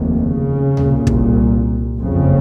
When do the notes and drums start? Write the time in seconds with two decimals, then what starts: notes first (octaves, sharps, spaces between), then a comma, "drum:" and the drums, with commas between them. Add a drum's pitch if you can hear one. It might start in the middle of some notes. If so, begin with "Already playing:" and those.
Already playing: F1 D#2
0.15 C#3
0.77 C2 A#2, drum: tom D2
1.07 drum: kick
1.97 F#1 F2 C#3